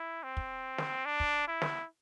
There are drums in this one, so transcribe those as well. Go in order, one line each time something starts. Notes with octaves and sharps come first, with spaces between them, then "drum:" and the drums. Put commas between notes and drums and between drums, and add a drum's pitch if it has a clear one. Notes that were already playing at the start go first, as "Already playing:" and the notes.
Already playing: E4
C4
drum: kick
drum: snare
D4
drum: kick
E4
drum: snare